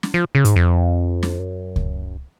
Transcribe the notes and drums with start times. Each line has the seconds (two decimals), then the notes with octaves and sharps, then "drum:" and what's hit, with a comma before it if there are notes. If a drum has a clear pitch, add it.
0.03 drum: snare
0.14 F3
0.35 C#3
0.45 G#2, drum: hi-hat
0.56 F2
1.23 drum: snare
1.39 F#2
1.76 drum: kick C#2